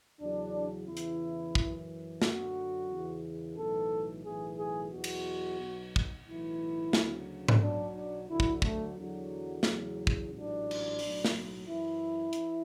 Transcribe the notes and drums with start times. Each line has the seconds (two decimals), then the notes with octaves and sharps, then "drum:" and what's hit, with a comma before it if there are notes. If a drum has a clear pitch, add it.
0.20 E2 C#3 F#3 D4
0.87 E2 C#3 E3 E4
0.97 drum: hi-hat
1.55 F#2 E3, drum: kick
2.22 F#2 D3 F#3 F#4, drum: snare
2.89 E2 C#3 E3
3.57 B1 A2 E3 A4
4.24 B1 A2 E3 G#4
4.57 G#4
4.91 E2 B2 F#3 F#4
5.04 drum: cymbal
5.59 B1 B2 F#3
5.96 drum: kick
6.26 B1 A2 E3 E4
6.93 D2 C#3 F#3, drum: snare
7.48 drum: tom G#2
7.61 B1 B2 F#3 D4
7.95 D4
8.28 D2 D3 F#3 E4
8.40 drum: kick
8.62 A3, drum: kick
8.96 E2 D3 F#3
9.63 E2 C#3 F#3, drum: snare
10.07 drum: kick
10.31 A1 G#2 F#3 D4
10.71 drum: cymbal
10.99 B1 A2 F#3, drum: open hi-hat
11.25 drum: snare
11.66 F#2 E3 E4
12.33 E3, drum: hi-hat